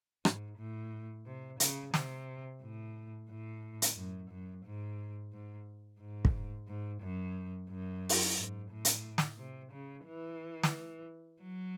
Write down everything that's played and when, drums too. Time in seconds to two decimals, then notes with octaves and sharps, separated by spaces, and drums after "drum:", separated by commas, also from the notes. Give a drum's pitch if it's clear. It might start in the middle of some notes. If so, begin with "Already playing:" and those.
0.25 G#2, drum: rim click
0.58 A2
1.26 C3
1.60 C#3, drum: hi-hat
1.94 C3, drum: snare
2.62 A2
3.29 A2
3.82 drum: hi-hat
3.96 F#2
4.30 F#2
4.65 G#2
5.32 G#2
6.00 G#2
6.25 drum: kick
6.68 G#2
7.02 F#2
7.69 F#2
8.09 drum: open hi-hat
8.37 G#2
8.71 A2
8.85 drum: hi-hat
9.18 drum: snare
9.38 C3
9.72 C#3
10.07 E3
10.63 drum: snare
11.42 F#3